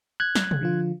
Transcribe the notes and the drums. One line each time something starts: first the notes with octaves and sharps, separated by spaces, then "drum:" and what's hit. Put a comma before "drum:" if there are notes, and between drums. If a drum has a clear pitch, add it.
F#6 G#6
drum: snare
drum: tom
D3 F3 F4